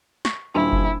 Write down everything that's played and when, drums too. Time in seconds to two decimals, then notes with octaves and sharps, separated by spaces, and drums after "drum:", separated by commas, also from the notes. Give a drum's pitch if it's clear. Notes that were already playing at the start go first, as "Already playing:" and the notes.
0.25 C#6, drum: snare
0.55 D#1 D4 E4
0.72 drum: kick F#1